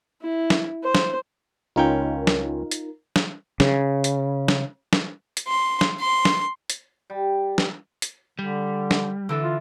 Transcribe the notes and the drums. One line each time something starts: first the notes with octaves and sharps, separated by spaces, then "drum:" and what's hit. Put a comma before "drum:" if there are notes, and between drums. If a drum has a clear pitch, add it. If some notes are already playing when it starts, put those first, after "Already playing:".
E4
drum: snare
C5
drum: snare
C#2 C#4 D#4 F4 A#4 G5
drum: snare
drum: hi-hat
drum: snare
C#3, drum: snare
drum: hi-hat
drum: snare
drum: snare
drum: hi-hat
C6
drum: snare
C6
drum: snare
drum: hi-hat
G3
drum: snare
drum: hi-hat
D3 G3
drum: snare
D3 E3 A4
F4